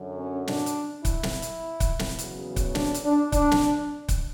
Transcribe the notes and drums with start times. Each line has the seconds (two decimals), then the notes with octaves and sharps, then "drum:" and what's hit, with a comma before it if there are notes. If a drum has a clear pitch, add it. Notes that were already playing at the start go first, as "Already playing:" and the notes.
Already playing: F#2 D3 F#3
0.18 C#4
0.47 D4, drum: snare
0.66 drum: hi-hat
1.05 E4, drum: kick C#1, hi-hat
1.23 drum: snare
1.42 drum: hi-hat
1.80 drum: kick C#1, hi-hat
1.99 drum: snare
2.19 E2 C#3 F#3 B3, drum: hi-hat
2.56 drum: kick C#1, hi-hat
2.75 D4, drum: snare
2.94 drum: hi-hat
3.04 D4
3.32 D4, drum: kick C#1, hi-hat
3.51 drum: snare
4.09 drum: kick C#1, hi-hat